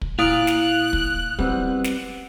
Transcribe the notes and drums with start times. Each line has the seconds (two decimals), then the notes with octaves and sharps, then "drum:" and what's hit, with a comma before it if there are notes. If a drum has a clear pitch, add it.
0.01 drum: kick
0.19 A#2 E4 F5 D#6 F#6 D7
0.47 drum: snare
0.93 drum: kick
1.39 G3 B3 C4, drum: kick
1.84 drum: snare